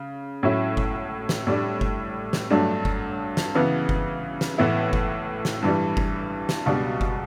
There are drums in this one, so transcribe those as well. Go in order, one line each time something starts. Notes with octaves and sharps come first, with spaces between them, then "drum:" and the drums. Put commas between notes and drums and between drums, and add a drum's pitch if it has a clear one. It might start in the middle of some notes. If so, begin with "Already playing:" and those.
Already playing: C#3
A2 F#3 C#4 E4
drum: kick F#1
drum: snare
A2 G3 D4
drum: kick F#1
drum: snare
G2 F#3 A3 D4
drum: kick F#1
drum: snare
C#3 E3 B3
drum: kick F#1
drum: snare
A2 E3 B3 E4
drum: kick F#1
drum: snare
G2 E3 G3
drum: kick F#1
drum: snare
C#2 B2 G3 D4
drum: kick F#1